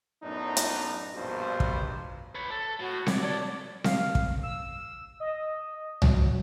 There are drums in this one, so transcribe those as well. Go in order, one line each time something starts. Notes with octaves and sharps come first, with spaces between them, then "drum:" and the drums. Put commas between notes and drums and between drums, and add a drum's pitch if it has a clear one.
F#2 A2 B3 D4 D#4
drum: hi-hat
A#1 G2 B2 F3 B4 C5
drum: kick
B4 C#5
A4
A2 F#4
C#5 D5, drum: snare C4
D4 C#5 D5
F5, drum: snare C4
drum: kick
E6
D#5
F#3, drum: tom C2